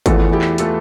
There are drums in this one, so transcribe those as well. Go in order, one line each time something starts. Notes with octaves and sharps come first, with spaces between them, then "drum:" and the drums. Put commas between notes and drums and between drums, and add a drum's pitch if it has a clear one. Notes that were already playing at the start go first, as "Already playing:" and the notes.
E2 E3 A3 F4 A4, drum: kick G#1, hi-hat
E4 G4
drum: clap
E3 A3 F4 A4, drum: hi-hat